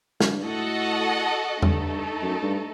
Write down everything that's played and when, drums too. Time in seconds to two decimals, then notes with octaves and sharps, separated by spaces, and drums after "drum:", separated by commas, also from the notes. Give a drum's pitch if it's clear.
0.20 F#2, drum: snare
0.32 G2
0.44 A2 F#4 A4 D#5 F#5
1.62 G2 A3 D#4 A4, drum: tom E2
2.22 F#2
2.42 G2